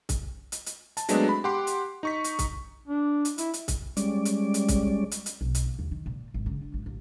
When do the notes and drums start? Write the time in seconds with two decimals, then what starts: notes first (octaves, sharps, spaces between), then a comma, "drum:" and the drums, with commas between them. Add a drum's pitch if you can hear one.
0.09 drum: kick, hi-hat
0.52 drum: hi-hat
0.66 drum: hi-hat
0.97 A5, drum: hi-hat
1.09 F#3 G#3 A3 B3 C4 D4, drum: hi-hat
1.29 B5
1.44 G4 F#5 C6 D6
1.67 drum: hi-hat
2.03 D#4 C#6 B6
2.24 drum: hi-hat
2.39 drum: kick, hi-hat
2.87 D4
3.25 drum: hi-hat
3.38 E4, drum: hi-hat
3.54 drum: hi-hat
3.68 drum: kick, hi-hat
3.97 G3 G#3 C#4 D5, drum: hi-hat
4.25 drum: hi-hat
4.54 drum: hi-hat
4.68 drum: kick, hi-hat
5.11 drum: hi-hat
5.26 drum: hi-hat
5.41 B1
5.55 drum: hi-hat
5.65 A#3
5.79 D#2
5.91 D#3
6.06 A#2
6.34 G#1
6.46 C#3
6.62 D3
6.74 G#1
6.86 A1